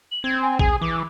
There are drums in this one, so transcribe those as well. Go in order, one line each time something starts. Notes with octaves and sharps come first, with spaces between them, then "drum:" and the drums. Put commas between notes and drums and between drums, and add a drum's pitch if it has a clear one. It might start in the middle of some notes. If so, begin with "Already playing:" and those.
F#7
C4 G#6
G#5
G#4 G#5, drum: kick A#1
E3 D6